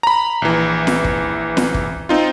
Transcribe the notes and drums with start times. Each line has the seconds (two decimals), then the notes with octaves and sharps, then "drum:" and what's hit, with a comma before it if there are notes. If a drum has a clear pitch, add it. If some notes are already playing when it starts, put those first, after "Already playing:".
0.03 A#5 B5
0.42 A#1 E3
0.87 drum: snare
1.04 drum: kick
1.57 drum: snare
1.74 drum: kick
2.09 C4 D#4 F4